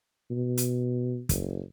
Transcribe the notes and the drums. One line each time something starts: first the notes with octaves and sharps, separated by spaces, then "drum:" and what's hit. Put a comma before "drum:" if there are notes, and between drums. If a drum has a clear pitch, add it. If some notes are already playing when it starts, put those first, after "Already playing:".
B2
drum: hi-hat
F#1, drum: kick, hi-hat